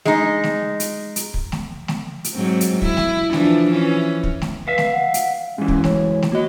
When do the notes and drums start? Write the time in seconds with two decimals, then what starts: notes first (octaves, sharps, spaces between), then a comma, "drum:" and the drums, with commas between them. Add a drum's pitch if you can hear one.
0.05 G#3 D#4, drum: snare A3
0.44 drum: snare A3
0.80 drum: hi-hat
1.16 drum: hi-hat
1.34 drum: kick
1.52 drum: snare A3
1.88 drum: snare A3
2.24 drum: hi-hat
2.34 G#2 F#3 C4
2.61 drum: hi-hat
2.82 E4, drum: kick
2.97 drum: snare A3
3.33 E3 F3 D4, drum: snare A3
3.71 E3 C#4
4.23 drum: kick
4.42 drum: snare A3
4.68 B4 E5 F5
4.78 drum: snare A3
4.92 F#5
5.14 drum: hi-hat
5.58 G#2 E3 C#4
5.68 drum: kick
5.84 C#5, drum: snare A3
6.22 drum: snare A3
6.32 A#3 F#4 D#5